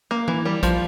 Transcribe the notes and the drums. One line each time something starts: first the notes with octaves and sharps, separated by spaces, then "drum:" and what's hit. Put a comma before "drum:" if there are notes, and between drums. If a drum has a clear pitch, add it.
A#3
E3, drum: tom E3
G3
F3, drum: kick A#1, hi-hat